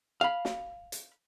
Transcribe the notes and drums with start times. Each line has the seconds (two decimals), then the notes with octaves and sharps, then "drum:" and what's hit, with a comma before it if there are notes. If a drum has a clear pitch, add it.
0.21 F5 B5
0.45 drum: snare
0.92 drum: hi-hat